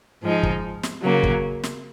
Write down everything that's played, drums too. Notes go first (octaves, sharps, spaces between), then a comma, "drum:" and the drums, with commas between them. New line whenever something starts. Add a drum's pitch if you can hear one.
G#2 F3 G#3 D#4
drum: kick
drum: snare
C#3 F#3 A#3
drum: kick
drum: snare